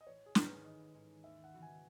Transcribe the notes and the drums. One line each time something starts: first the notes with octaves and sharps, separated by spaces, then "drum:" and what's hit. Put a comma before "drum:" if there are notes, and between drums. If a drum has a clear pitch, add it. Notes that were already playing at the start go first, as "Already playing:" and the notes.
D#5
A1 C#5
G#4
G#2 D#3 G#3 C#4, drum: snare
B4
A1 D#5
G#2 D#3 G#3 C#4
D#2 E5
F#5
C#3 E3 B3 F#4
G#5